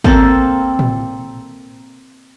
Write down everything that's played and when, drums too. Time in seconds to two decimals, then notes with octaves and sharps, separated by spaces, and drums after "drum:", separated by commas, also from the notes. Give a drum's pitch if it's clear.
0.04 A#3 C4 A4, drum: kick G#1
0.79 drum: tom